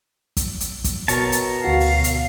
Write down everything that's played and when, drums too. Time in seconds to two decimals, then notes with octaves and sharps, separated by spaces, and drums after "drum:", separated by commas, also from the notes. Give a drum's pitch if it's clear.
0.37 drum: kick, hi-hat
0.60 drum: hi-hat
0.84 drum: kick, hi-hat
1.08 B2 A#4 C#5 A5, drum: hi-hat
1.32 drum: hi-hat
1.65 D2 F#4 F5
1.80 drum: open hi-hat
2.04 drum: hi-hat